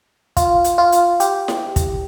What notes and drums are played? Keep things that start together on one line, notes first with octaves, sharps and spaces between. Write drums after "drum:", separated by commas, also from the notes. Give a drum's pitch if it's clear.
F4, drum: kick, hi-hat
drum: hi-hat
F4
drum: hi-hat
G4, drum: hi-hat
drum: snare E4
drum: kick, hi-hat